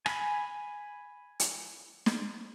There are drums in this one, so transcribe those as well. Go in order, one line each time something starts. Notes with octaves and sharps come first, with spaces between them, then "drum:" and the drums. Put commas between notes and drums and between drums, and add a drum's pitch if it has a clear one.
G#5 B5, drum: rim click
drum: hi-hat
drum: snare